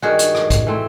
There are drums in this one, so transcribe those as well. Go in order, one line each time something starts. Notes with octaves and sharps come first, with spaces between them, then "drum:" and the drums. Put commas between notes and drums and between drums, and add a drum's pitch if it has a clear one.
G2 D#3 G3 F#4 G#4
drum: hi-hat
drum: rim click
drum: kick, hi-hat
E3 A3 C4